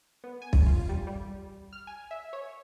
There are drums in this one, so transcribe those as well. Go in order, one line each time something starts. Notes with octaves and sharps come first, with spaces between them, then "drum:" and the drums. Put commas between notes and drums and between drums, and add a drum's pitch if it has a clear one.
B3
G#5
drum: kick
F4
G3
G3
F6
G#5
E5
C#5